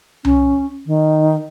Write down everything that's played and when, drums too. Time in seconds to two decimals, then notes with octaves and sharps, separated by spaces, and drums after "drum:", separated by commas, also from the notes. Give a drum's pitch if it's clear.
0.25 C#4, drum: tom C2
0.86 D#3